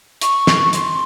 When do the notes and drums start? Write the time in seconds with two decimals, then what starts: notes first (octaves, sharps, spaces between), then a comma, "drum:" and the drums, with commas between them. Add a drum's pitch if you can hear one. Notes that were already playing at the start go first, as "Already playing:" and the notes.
0.21 C#6, drum: hi-hat
0.47 drum: snare
0.73 C6, drum: hi-hat